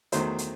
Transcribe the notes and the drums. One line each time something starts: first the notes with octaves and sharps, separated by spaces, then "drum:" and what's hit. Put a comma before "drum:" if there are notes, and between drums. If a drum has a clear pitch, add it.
E2 D#3 F#3 A3 C5, drum: hi-hat
drum: hi-hat